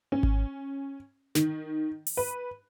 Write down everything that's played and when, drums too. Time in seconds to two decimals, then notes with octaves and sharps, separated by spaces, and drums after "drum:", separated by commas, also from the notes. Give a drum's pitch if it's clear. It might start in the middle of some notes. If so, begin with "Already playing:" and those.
0.12 C#4
0.23 drum: kick G#1
1.35 D#3, drum: snare
2.07 drum: open hi-hat
2.17 B4